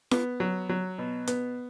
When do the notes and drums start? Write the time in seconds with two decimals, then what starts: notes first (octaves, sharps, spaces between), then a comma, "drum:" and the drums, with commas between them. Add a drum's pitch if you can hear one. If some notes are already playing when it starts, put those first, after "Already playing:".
0.11 B3, drum: snare
0.40 F#3
0.69 F#3
0.98 B2
1.27 B3, drum: hi-hat